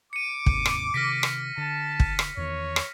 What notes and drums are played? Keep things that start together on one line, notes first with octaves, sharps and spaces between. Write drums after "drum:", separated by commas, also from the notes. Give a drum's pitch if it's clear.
D6 C#7 D#7
D#2 G#2 C3, drum: kick
drum: rim click
C3 D#3 F6 A#6 B6
drum: rim click
D3 A5
drum: kick
drum: rim click
E2 D#3 C#5
drum: rim click